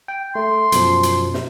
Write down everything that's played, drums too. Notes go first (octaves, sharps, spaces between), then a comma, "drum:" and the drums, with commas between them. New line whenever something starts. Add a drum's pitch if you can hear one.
G5
A3 C6
F#2 B2 F3, drum: hi-hat
drum: hi-hat
drum: snare